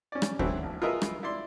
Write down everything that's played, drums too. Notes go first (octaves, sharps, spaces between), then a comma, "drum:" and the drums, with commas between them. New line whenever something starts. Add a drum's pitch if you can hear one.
C#4 D5
drum: rim click
D3 E3 F#3 C4 E4, drum: kick D2
A#1
F4 G#4 A#4 B4 D#5 E5
drum: rim click
E4 D5 C6